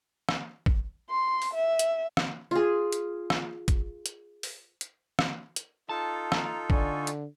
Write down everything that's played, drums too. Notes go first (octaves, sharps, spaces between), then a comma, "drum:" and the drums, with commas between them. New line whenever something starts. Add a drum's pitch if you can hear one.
drum: rim click
drum: kick
C6
drum: open hi-hat
E5
drum: hi-hat
drum: rim click
F4 G#4
drum: hi-hat
drum: rim click
drum: kick, hi-hat
drum: hi-hat
drum: open hi-hat
drum: hi-hat
drum: rim click
drum: hi-hat
D#4 F4 A4 A5
A#5, drum: rim click
D3 D5 G#5 C#6, drum: kick
drum: hi-hat